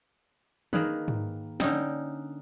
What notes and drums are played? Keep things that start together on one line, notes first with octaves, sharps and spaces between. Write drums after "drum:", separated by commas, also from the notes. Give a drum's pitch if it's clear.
D#3 A#3 G#4 B4, drum: tom D#3
drum: tom G#2
D3 C#4 D#4 G5, drum: snare